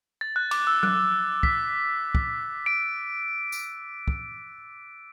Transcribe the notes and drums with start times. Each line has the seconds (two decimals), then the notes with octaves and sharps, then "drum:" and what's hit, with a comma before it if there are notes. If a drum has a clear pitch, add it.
0.21 A6
0.36 F#6
0.51 D6, drum: cymbal
0.67 E6
0.83 F#6, drum: tom F#3
1.43 B6, drum: kick
2.15 drum: kick
2.66 D7
3.52 drum: tambourine
4.08 drum: kick